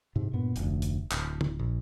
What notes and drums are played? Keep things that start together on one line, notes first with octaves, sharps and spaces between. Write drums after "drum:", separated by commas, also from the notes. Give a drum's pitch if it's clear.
G#2 C3
G2 A#2 B3
F1 D2, drum: hi-hat
drum: hi-hat
D1, drum: clap
drum: tom
A#1